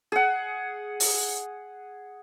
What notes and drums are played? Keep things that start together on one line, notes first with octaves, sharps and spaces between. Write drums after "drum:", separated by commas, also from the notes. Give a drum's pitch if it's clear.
G#4 F#5
drum: open hi-hat